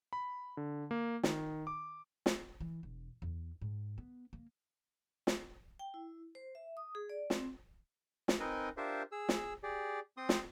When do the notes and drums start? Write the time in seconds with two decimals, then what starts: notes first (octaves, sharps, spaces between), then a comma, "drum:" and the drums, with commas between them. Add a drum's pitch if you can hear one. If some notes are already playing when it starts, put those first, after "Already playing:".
0.13 B5
0.57 D3
0.91 A#3
1.23 D#3, drum: snare
1.67 D6
2.26 drum: snare
2.60 E3
2.83 E1
3.22 E2
3.62 G#2
3.98 B3
4.33 A#3
5.27 drum: snare
5.79 G5
5.94 E4
6.35 C5
6.55 E5
6.77 D#6
6.95 G#4
7.10 D5
7.30 C4, drum: snare
8.28 drum: snare
8.40 C4 D#4 A#4 B4 D#5 G#5
8.77 D4 F4 G4 A#4 C5 E5
9.12 G#4 E6
9.29 drum: snare
9.63 G4 G#4 D5
10.17 C4 C6 D#6
10.29 drum: snare